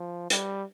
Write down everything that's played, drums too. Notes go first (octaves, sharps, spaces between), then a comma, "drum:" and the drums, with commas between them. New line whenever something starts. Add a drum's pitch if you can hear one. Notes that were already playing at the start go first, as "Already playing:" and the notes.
Already playing: F3
G3, drum: hi-hat